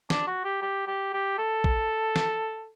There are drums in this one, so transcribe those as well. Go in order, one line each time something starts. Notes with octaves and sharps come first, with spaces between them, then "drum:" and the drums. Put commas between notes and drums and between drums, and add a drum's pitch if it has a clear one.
D4, drum: snare
F#4
G4
G4
G4
G4
A4
drum: kick A#1
drum: snare